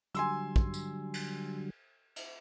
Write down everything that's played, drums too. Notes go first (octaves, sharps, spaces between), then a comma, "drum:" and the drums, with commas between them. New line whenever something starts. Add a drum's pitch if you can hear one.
D3 F#3 G3 G#5 C6 E6, drum: hi-hat
drum: kick
drum: tambourine
drum: cymbal
drum: cymbal